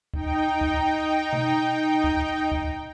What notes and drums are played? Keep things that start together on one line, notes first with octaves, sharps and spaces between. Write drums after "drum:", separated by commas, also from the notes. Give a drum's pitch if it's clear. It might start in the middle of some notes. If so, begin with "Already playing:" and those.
D#4 G5, drum: kick D2
drum: kick D2
drum: tom B2
drum: kick D2
drum: kick D2